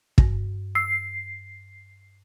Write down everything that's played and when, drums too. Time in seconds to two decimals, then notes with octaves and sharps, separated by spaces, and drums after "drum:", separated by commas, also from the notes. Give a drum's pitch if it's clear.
0.18 G2, drum: kick
0.75 E6 C7